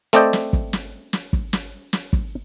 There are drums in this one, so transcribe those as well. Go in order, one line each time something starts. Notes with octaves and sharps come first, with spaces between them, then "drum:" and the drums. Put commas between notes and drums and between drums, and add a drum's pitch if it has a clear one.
A3 C4 A4 D5 D#5 G5
drum: snare
drum: kick
drum: snare
drum: snare
drum: kick
drum: snare
drum: snare
drum: kick